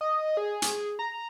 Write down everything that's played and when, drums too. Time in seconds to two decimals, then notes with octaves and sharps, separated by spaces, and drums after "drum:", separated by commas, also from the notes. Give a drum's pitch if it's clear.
0.01 D#5
0.37 G#4
0.62 drum: hi-hat
0.99 A#5